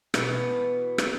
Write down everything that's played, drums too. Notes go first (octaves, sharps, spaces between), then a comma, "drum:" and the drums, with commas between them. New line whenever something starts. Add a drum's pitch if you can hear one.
B2 E3 A#3 B3, drum: rim click
drum: rim click